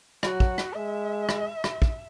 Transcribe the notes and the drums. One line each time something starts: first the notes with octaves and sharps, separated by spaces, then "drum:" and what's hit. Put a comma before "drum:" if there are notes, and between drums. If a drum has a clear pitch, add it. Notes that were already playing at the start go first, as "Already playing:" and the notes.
F#3 F#4, drum: rim click
drum: kick
drum: rim click
G#3 E5
drum: rim click
drum: rim click
drum: kick